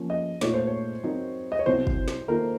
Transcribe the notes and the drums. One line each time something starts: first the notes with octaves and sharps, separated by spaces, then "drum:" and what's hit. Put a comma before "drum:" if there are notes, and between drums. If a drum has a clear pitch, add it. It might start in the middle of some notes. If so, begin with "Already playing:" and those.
Already playing: F3 A#3 C#4
D#5
A#2 A3 D#4 A4 C#5, drum: snare
C5
C#5
F#3 C4 D#4 A#4
D#5
C#5
C2 C3 F#3 C4 C5
drum: kick
drum: snare
D#3 A#3 F4 A4 A#4